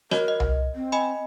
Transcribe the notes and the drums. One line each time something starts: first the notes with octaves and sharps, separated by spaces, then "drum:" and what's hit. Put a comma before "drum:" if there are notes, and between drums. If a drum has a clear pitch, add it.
F#4 A#4 C#5 D#5, drum: rim click
D#5
drum: tom C2
C4
D#5 G#5 B5